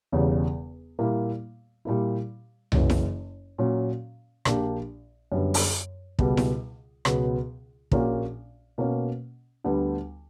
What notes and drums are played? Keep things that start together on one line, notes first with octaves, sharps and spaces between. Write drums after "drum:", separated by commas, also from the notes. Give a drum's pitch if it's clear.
E1 E2 C#3 G3
A#2 G3 A#3 E4
A#2 G3 A#3 E4
F#1 F#2 E3, drum: tom C2
drum: snare E4
A#2 F#3 C#4
A#1 A#2 A#3 D4 G4, drum: rim click
F#2 D3 G3 B3
drum: open hi-hat
C#2 B2 G3 B3, drum: kick
drum: snare E4
C#2 B2 F#3 B3, drum: rim click
A#1 A#2 A#3 C#4 F#4, drum: kick
B2 A#3 C#4
D2 D3 G3 B3